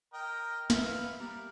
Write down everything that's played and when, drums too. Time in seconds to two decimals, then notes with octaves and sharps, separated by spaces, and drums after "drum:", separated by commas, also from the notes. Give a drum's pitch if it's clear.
0.13 A#4 D#5 G5
0.70 B3 E5 F5, drum: snare
1.19 G3 A#4